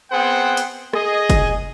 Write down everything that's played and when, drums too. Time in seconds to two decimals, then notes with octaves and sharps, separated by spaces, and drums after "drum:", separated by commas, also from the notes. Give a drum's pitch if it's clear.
0.11 B3 C4 G#4 C5 F#5 G5
0.57 drum: hi-hat
0.93 G#4 D#5, drum: rim click
1.30 drum: kick, hi-hat